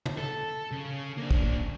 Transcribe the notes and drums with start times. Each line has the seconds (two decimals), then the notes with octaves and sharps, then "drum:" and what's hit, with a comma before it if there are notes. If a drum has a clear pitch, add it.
0.05 drum: tom
0.17 A4
0.71 C#3
1.18 A#3 D4
1.31 drum: kick